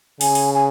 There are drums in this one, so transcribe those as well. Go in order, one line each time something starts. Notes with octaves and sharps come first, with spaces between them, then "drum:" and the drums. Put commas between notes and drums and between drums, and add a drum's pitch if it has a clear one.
C#3 G#5, drum: open hi-hat
drum: open hi-hat
G#5